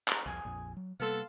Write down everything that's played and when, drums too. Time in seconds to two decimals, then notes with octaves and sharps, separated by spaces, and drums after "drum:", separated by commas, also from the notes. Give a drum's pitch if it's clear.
0.08 A#5 B5, drum: clap
0.26 C2 F2 C3 G#4 G#5
0.45 A#1 F2
0.77 F#3
1.00 C3 G3 A#3 B3 A4 F5 C6